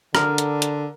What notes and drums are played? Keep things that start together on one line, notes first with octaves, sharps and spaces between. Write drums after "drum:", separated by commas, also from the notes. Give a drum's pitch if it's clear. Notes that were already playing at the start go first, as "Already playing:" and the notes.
D3 A#4, drum: rim click
drum: hi-hat
drum: hi-hat